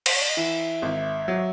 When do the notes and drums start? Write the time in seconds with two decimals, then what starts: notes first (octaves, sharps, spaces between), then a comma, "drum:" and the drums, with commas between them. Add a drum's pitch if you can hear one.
0.06 C5, drum: cymbal
0.14 C#5
0.22 D5
0.29 D#5
0.37 E3 E5
0.82 G#1
1.28 F#3